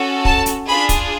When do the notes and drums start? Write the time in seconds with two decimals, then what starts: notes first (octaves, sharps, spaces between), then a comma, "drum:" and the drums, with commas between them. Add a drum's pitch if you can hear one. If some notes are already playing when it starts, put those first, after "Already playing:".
Already playing: C#4 F#4 A4
0.25 A5, drum: kick
0.46 drum: hi-hat
0.67 D4 F4 G#4 B5
0.89 drum: kick, hi-hat